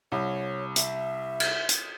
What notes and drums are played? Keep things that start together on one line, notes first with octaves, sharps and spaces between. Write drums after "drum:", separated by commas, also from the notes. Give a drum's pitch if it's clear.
C2 C#5
E5, drum: hi-hat
drum: cymbal
drum: hi-hat